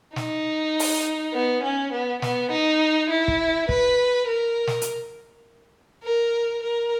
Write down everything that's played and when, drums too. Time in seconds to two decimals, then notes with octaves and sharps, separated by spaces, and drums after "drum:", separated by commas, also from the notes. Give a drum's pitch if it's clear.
0.16 D#4, drum: snare
0.79 drum: open hi-hat
1.34 B3
1.63 C#4
1.92 B3
2.22 B3, drum: snare
2.51 D#4
3.10 E4
3.28 drum: kick
3.69 B4, drum: kick
4.28 A#4
4.67 drum: snare
4.82 drum: hi-hat
6.04 A#4
6.63 A#4